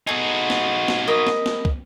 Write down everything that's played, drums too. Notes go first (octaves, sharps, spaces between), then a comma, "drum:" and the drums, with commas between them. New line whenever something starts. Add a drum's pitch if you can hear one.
A3 D#4 F#4 G#4
drum: snare
drum: snare
A#4 D#5 B5
drum: snare
drum: snare
drum: kick